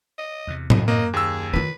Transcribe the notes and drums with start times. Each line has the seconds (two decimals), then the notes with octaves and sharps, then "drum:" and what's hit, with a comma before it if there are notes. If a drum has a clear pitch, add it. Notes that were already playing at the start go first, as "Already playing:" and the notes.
0.18 D#5
0.47 E2 C3
0.70 C2 D#5, drum: tom A2
0.88 F#2 A#3 D#5
1.13 D#2 G#4 E6
1.53 D#3 F4 B4